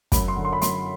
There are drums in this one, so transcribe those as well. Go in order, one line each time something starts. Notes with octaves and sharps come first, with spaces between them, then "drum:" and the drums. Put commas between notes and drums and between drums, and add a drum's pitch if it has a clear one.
F#2 B5, drum: kick, hi-hat
C6
D3
C6
B5
F#2 C6, drum: hi-hat